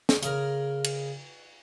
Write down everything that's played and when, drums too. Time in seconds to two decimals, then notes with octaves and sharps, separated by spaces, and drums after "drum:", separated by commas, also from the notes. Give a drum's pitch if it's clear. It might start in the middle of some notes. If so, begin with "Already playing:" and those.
0.09 drum: snare
0.22 C#3 G#4 A#4, drum: hi-hat
0.84 drum: cymbal